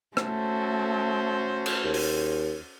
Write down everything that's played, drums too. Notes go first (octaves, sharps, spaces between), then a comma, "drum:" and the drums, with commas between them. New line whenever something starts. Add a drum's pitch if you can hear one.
A3 C#4 F#4 A4 C5, drum: rim click
drum: cymbal
D#2
drum: open hi-hat